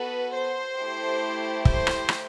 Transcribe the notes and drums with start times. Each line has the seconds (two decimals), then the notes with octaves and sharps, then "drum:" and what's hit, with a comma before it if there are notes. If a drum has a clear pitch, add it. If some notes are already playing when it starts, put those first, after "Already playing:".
Already playing: B3 F#4 A4 B4
0.34 C5
0.78 A3 E4 G4
1.65 C5, drum: kick
1.87 drum: rim click
2.09 drum: rim click